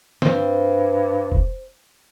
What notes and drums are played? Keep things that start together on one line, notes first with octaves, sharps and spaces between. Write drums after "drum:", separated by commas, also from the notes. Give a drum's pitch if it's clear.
G2 C4, drum: snare
drum: kick F1